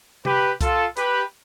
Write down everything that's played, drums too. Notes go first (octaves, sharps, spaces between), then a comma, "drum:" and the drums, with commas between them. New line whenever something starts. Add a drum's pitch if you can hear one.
G4 B4, drum: tom C3
F4 A4, drum: kick C2, hi-hat
G4 B4, drum: hi-hat